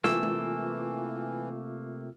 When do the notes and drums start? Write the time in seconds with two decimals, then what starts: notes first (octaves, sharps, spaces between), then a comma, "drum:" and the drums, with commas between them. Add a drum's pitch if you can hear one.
0.04 C3 E3 A3 A#3 F4 E6, drum: snare
0.23 drum: tom G#3